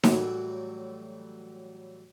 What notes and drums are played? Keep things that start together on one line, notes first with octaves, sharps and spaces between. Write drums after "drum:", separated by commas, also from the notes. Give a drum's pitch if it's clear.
A2 E3 F#3 G3 F#4, drum: snare D#4